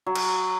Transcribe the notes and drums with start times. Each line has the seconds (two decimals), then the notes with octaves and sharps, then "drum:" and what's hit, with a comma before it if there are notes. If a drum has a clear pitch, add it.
0.06 F#3
0.16 drum: cymbal